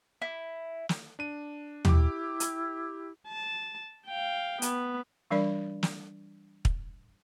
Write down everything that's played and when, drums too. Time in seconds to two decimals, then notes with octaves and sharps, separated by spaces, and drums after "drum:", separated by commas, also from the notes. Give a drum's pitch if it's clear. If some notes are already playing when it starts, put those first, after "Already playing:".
0.22 E4
0.89 drum: snare
1.19 D4 D#7
1.85 E4 G4 D6, drum: tom
2.40 drum: hi-hat
3.28 A5
4.07 F5 G5
4.62 B3, drum: hi-hat
5.31 E3 G3 D4 A#4 D5 B5
5.83 drum: snare
6.65 drum: kick